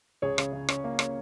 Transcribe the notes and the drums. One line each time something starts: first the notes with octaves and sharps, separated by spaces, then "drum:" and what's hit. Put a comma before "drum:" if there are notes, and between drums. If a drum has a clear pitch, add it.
C#2 G#4 C#5
C#3, drum: rim click
C#3
C#4, drum: rim click
A#3
C#4, drum: rim click